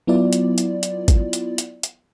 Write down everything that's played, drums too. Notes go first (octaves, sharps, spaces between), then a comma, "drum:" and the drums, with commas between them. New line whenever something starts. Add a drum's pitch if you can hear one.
F#3 B3 E4 F4 D5
drum: hi-hat
drum: hi-hat
drum: hi-hat
drum: kick G#1, hi-hat
drum: hi-hat
drum: hi-hat
drum: hi-hat